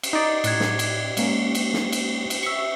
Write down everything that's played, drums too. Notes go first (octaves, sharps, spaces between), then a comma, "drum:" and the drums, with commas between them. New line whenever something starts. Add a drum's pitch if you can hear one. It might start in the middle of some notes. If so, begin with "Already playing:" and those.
drum: cymbal
D#4 D5
A2 F#6 G#6, drum: cymbal
drum: snare
drum: cymbal
G#3 A#3 C#4, drum: cymbal
drum: cymbal
drum: snare
drum: cymbal
drum: cymbal
E5 C#6